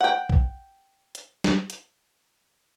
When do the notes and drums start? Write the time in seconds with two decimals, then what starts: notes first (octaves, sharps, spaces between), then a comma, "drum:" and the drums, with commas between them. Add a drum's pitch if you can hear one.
0.01 F#5 G5
0.29 drum: kick A#1
1.15 drum: hi-hat
1.44 drum: snare
1.70 drum: hi-hat